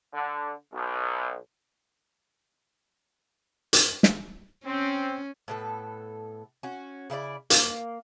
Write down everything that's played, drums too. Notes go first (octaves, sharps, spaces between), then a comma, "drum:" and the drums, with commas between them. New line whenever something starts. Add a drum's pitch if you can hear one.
D3
B1
drum: hi-hat
drum: snare
C4 C#4
A2 B3 A4
C#4 F#4
C#3 E4 A4 D5
A#3, drum: hi-hat